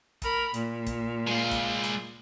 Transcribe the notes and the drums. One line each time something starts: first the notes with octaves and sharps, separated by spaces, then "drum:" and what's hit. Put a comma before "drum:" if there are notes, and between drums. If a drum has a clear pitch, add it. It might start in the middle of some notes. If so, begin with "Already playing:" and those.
A#4 B5, drum: kick, hi-hat
A#2, drum: hi-hat
drum: kick, hi-hat
G#3 F5
drum: kick, hi-hat
drum: hi-hat